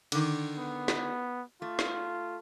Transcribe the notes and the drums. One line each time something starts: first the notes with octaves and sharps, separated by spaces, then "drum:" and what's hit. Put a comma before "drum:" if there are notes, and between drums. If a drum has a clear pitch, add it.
D3 D#3, drum: cymbal
B3
drum: snare
A3 F4
drum: snare